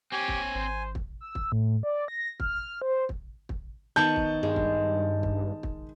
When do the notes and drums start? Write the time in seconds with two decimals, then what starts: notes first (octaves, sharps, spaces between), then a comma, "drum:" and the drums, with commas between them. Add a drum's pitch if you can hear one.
0.12 C4 G4 C#5 G#5
0.28 drum: kick
0.55 G#1 C5
0.95 drum: kick
1.21 E6
1.35 drum: kick
1.52 A2
1.83 D5
2.08 A#6
2.40 F6, drum: kick
2.82 C5
3.09 drum: kick
3.49 drum: kick
3.96 D#3 B3 A5 C#6 G6
4.16 drum: kick
4.43 G2 G#3
4.56 drum: kick
5.23 drum: kick
5.63 drum: kick